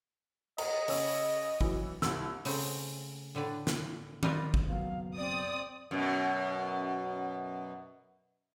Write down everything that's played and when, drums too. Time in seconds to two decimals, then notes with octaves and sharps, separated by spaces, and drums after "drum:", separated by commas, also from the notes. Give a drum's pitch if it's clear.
0.58 D#5 A#5, drum: cymbal
0.88 C#3 C#4 E6, drum: open hi-hat
1.61 E3 F#3, drum: kick
2.02 C2 E6, drum: snare
2.45 C#3 A3 C4, drum: open hi-hat
3.35 A2 D3 B4 D5
3.67 drum: snare
4.23 G3 F4 A#4 B4, drum: tom D#3
4.54 drum: kick
4.68 F#1 B2 F#3 F5
5.16 C4 D5 D#6
5.91 F#2 B2